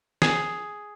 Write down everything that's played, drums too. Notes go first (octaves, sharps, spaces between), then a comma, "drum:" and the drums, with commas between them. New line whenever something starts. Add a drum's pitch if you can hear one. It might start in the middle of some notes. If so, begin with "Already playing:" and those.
G#4, drum: snare